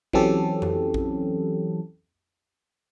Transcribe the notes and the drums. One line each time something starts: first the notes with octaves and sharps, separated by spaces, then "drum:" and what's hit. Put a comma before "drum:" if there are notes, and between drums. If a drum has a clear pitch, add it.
E3 F#3 C4 C#4 G4 A4, drum: kick A#1
drum: tom F2
drum: kick A#1